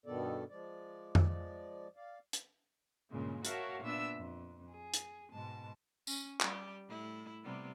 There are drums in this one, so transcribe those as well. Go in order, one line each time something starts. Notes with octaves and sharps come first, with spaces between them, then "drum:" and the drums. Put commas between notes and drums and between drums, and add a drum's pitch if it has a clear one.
G2 B2 D#3 B3 A4 D5
F3 G#3 D5
drum: tom F2
D5 F5
drum: hi-hat
G2 A#2 C#3 G#3 A#3
F#4 A#4 C#5 E5 F5 A5, drum: hi-hat
A#2 B3 D4 E5 E6
F2
G#4
drum: hi-hat
G#2 B2 G#3 A5
C#4, drum: tambourine
G3 G4, drum: clap
A2 E4
C3 G3 B3